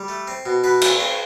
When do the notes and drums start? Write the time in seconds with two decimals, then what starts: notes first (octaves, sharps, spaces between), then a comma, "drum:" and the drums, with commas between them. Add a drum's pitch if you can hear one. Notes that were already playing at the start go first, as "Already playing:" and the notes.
Already playing: G3
0.08 A3
0.27 C4
0.46 B2
0.64 B2 B4
0.82 A3, drum: cymbal
0.99 C4